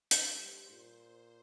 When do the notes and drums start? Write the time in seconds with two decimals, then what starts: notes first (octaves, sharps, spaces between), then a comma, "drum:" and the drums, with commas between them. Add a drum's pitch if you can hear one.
0.11 drum: hi-hat
0.24 G2 C5
0.72 A#2